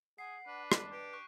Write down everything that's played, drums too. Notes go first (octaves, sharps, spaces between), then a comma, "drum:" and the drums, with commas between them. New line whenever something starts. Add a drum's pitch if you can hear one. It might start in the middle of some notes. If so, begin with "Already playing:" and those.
G#4 F#5 C7
D4 B4
D5, drum: rim click
G4 B4
C#6 F#6